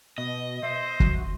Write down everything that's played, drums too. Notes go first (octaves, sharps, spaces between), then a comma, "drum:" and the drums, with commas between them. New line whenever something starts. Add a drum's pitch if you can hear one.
B2 D#5
C5 E5
F#4, drum: kick